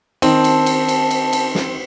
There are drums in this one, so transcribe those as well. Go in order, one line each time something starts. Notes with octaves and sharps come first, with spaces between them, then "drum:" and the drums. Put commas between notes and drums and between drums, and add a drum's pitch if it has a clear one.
D#3 C4 A5, drum: cymbal
drum: cymbal
drum: cymbal
drum: cymbal
drum: cymbal
drum: cymbal
drum: snare